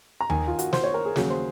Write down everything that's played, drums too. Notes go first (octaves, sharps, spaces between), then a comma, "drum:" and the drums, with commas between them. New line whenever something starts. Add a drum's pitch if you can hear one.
A#5
D#2 D#3 A#3 G#5, drum: tom D#2
F4
F#4, drum: hi-hat
C5, drum: snare
C#5
A#4
G#4
D#2 C#3 F#3 G#4, drum: snare
C5